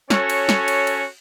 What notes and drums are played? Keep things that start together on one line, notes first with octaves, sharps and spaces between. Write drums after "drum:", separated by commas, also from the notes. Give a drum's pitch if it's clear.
C#4 F#4 A4 C#5, drum: snare
drum: cymbal
drum: snare
drum: cymbal
drum: cymbal